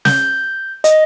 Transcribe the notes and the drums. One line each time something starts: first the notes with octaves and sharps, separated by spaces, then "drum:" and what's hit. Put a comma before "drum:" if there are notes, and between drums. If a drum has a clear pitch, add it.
G6, drum: snare
D#5, drum: hi-hat